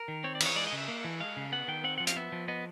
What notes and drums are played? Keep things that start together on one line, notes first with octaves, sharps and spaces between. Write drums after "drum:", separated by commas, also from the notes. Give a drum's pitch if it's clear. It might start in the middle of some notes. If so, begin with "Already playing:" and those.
Already playing: A#4
D#3
C4 C#5
D5
E3, drum: cymbal
C#5
G#3 D5
D#5
C#3
E5
A#3
E3
G#3 F5
C#3
B3 F#5
D#3 G5
C4 F#5
F3 F#5
F5, drum: hi-hat
B3 E5
F3
B3 D#5